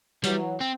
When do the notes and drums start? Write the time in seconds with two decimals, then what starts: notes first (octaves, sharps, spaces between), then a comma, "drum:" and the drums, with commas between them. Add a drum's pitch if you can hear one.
0.24 E3 F#3 G3, drum: hi-hat
0.60 C4